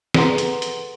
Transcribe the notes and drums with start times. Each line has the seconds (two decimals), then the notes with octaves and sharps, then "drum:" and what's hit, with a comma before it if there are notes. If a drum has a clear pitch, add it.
0.14 G#4 A4 B4 F#5 A#5 C6, drum: snare
0.38 drum: hi-hat
0.62 drum: hi-hat